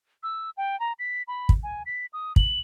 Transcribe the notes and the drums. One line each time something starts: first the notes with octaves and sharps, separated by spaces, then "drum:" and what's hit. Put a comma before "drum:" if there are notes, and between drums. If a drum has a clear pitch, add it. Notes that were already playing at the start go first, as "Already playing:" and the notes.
E6
G5
A#5
B6
B5
drum: kick
G#5
B6
D#6
F#7, drum: kick